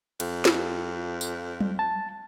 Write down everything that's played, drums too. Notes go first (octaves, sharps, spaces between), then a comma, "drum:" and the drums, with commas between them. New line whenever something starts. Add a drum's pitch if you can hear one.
F2, drum: cymbal
drum: snare
drum: tambourine
drum: tom F#3
A5